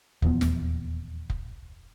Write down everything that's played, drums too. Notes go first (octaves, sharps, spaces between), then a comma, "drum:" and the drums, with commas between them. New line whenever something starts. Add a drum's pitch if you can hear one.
D#1 E2 F3 B3, drum: kick F1
drum: snare
drum: kick F1